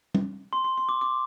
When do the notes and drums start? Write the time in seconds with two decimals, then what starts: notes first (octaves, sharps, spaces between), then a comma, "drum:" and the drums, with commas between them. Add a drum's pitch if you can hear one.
0.15 drum: tom
0.53 C6
0.64 C6
0.78 C6
0.89 D6
1.01 D6